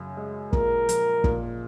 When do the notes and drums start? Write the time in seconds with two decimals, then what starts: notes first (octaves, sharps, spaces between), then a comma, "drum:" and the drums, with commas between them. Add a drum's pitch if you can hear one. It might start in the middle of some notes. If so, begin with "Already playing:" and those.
Already playing: F#2 C#3
0.17 G#3
0.53 A#2 A#4, drum: kick
0.89 F3, drum: hi-hat
1.24 A#2, drum: kick